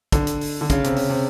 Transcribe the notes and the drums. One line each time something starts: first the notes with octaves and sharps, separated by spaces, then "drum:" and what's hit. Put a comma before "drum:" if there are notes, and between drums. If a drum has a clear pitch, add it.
D3, drum: kick, hi-hat
drum: hi-hat
drum: open hi-hat
D3
C#3, drum: kick, hi-hat
C3, drum: hi-hat
C#3, drum: open hi-hat
C3